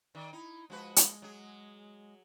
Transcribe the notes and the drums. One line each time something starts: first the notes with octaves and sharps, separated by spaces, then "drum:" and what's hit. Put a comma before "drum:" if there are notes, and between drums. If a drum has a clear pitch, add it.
D#3 D5
D#4 E4
F3 G#3 F#4 B4
drum: hi-hat
F#3 G#4